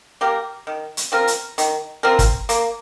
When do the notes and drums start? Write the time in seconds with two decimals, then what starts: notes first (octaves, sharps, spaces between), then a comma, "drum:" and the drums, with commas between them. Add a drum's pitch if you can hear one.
0.21 A#3 G4 A#4
0.67 D#3
0.97 drum: hi-hat
1.12 C4 F4 A#4
1.27 drum: hi-hat
1.58 D#3, drum: hi-hat
2.03 C4 F4 A#4
2.19 drum: kick, hi-hat
2.49 A#3, drum: hi-hat